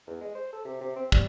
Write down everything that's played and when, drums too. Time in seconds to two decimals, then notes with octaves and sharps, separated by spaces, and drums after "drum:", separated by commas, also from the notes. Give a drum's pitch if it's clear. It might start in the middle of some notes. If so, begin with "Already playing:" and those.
0.07 E2
0.21 G#3
0.35 C5
0.53 A4
0.65 C3
0.81 C3
0.96 C4
1.12 G3, drum: kick